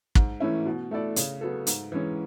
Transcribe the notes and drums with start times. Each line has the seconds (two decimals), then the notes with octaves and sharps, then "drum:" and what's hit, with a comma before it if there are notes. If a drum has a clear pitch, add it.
0.15 G#2, drum: kick
0.40 E3 A3 C#4 E4
0.66 B2
0.91 A3 E4 A4 D5
1.16 C#3, drum: hi-hat
1.41 F#3 B3 F#4 A4
1.67 G#2, drum: hi-hat
1.92 E3 G#3 C#4